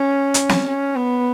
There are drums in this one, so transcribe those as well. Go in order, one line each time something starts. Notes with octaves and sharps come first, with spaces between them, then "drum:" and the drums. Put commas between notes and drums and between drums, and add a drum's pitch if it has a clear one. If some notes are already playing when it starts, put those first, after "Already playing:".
Already playing: C#4
drum: hi-hat
drum: snare
C#4
B3